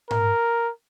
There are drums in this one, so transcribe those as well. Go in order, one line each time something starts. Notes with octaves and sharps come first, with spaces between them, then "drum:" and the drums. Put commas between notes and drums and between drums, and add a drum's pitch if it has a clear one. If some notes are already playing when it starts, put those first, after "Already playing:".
A#4, drum: tom G#2